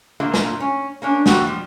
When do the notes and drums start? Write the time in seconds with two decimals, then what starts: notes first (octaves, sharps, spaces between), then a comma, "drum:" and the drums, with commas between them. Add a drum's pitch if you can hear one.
0.20 A#2 D3 A3 A#3 F4
0.34 drum: snare
0.60 C#4
1.02 A#3 C#4 D4
1.26 E3 F#3 C4 F#4 G4, drum: snare
1.45 F3 G3